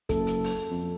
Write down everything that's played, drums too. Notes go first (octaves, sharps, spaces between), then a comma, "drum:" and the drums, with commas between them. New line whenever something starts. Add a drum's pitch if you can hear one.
F#1 A4, drum: kick, hi-hat
drum: hi-hat
drum: open hi-hat
F2